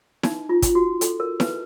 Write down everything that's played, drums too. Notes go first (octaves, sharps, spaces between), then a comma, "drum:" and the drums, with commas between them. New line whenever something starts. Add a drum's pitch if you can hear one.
D#4, drum: snare E4
F4
drum: kick, hi-hat
F#4
A4, drum: hi-hat
A#4
B4, drum: snare E4